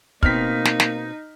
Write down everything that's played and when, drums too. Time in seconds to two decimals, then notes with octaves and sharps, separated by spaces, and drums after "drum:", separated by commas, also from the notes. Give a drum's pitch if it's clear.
0.23 B2 A#3 C4 D#4 F6 B6, drum: kick
0.65 drum: snare
0.80 drum: snare